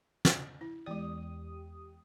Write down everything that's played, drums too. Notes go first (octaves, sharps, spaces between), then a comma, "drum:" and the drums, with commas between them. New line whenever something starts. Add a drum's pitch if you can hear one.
drum: snare
E4
E2 G#3 G4 D5 D#6